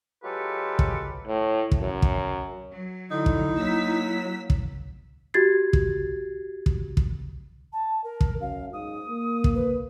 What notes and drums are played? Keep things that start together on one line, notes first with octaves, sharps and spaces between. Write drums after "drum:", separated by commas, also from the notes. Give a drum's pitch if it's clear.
F#3 G#3 F4 G4 A4 B4
drum: kick
A2
drum: kick
F#2
drum: kick
F#3
D3 D#4 E4
drum: kick
F#3 A#3 E6 B6
drum: kick
F#4 G4 G#6 A6 C7
drum: kick
drum: kick
drum: kick
A5
A#4
drum: kick
F#2 F5
G#2 D#6
A#3
drum: kick
B4